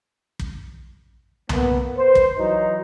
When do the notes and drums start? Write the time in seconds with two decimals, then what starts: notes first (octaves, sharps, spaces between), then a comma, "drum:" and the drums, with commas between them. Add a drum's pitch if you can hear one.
0.39 drum: kick
1.49 A#3 B3, drum: tom C2
1.97 B4 C5
2.15 drum: kick
2.37 E3 F#3 D#4